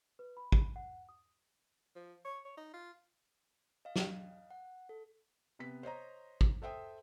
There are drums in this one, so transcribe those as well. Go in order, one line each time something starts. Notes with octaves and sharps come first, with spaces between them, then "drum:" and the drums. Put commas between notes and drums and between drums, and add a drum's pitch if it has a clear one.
B4
B5
drum: kick
F#5
D#6
F3
C#5
C#5
D#4
F4
D#5 F5
drum: snare
F#5
A4
C3 B3 B6
C5 C#5 D#5 A#5
drum: kick
A4 C5 E5 G5 D#6